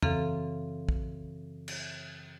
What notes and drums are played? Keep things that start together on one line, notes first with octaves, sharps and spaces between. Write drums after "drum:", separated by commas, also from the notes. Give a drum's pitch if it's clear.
F#2 C#3 E3 C4 A4 F5, drum: tom
drum: kick
drum: cymbal